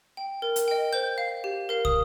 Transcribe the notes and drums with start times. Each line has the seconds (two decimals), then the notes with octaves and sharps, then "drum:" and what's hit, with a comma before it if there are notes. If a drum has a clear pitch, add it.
0.17 G5
0.42 A#4
0.56 drum: hi-hat
0.68 D#5 G5
0.93 C5 G6
1.18 F5
1.44 G4
1.69 A#4 F5
1.85 D#6, drum: kick